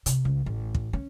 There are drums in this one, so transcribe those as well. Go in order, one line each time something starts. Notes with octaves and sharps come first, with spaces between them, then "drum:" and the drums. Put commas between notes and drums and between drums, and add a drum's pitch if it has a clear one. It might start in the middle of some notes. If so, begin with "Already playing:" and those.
C3, drum: hi-hat
C#2
A1
drum: kick
C#4